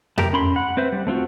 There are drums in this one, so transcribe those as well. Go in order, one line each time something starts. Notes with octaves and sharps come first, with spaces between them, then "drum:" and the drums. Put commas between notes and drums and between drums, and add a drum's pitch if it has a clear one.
A3 G4 A#4, drum: tom F2
C#4 B5 C6
F#5
C4 B4 C5 E5
G3
A3 C4 F4 F#4